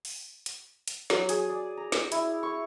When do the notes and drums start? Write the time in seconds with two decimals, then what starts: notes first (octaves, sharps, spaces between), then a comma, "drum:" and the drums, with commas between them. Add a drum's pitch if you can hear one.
0.05 drum: open hi-hat
0.46 drum: hi-hat
0.88 drum: hi-hat
1.10 F#3, drum: snare
1.29 G#4, drum: hi-hat
1.49 D5
1.77 A#5
1.92 G#5, drum: snare
2.12 E4, drum: hi-hat
2.43 C#6